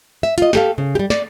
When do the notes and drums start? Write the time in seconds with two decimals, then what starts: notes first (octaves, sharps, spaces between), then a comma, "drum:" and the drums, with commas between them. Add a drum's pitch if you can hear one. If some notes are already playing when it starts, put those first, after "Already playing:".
0.23 E5
0.38 F4 D#5, drum: hi-hat
0.53 G4 A4 F5, drum: snare
0.78 C#3
0.95 G3 G4
1.10 D5, drum: snare